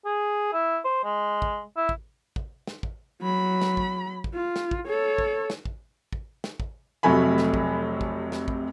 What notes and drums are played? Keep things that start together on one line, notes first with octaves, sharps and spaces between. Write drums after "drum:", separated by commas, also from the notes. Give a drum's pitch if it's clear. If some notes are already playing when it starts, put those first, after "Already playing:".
G#4
E4
C5
G#3
drum: kick
E4
drum: kick
drum: kick
drum: snare
drum: kick
F#3 B5
drum: snare
drum: kick
drum: kick
F4
drum: snare
drum: kick
A4 C#5
drum: kick
drum: snare
drum: kick
drum: kick
drum: snare
drum: kick
F1 C3 F#3 A3 G#5 B5
drum: snare
drum: kick
drum: kick
drum: snare
drum: kick